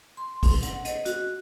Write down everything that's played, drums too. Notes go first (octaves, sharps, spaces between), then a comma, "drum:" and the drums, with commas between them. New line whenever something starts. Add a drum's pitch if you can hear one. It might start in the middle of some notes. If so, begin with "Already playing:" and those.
C6
drum: kick, open hi-hat
F#5, drum: hi-hat
D#5, drum: hi-hat
F#4, drum: hi-hat